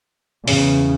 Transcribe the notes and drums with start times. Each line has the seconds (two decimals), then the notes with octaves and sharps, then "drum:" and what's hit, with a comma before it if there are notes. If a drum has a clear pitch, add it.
0.48 E2 C#3, drum: open hi-hat